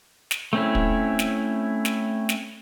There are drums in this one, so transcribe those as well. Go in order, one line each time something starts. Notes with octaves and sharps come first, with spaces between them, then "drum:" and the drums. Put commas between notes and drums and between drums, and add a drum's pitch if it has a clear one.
drum: snare
A3 C4 C#4 E4
drum: kick
drum: snare
drum: snare
drum: snare